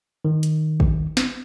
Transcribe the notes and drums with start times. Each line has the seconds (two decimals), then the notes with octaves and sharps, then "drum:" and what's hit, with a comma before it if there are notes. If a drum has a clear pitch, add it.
0.25 D#3
0.43 drum: hi-hat
0.80 drum: kick
1.17 drum: snare